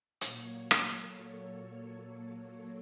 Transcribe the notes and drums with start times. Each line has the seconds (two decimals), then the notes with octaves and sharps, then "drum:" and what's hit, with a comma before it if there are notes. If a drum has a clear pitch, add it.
0.21 A#2 F#3 A#3 C#5, drum: hi-hat
0.71 drum: rim click
1.00 A4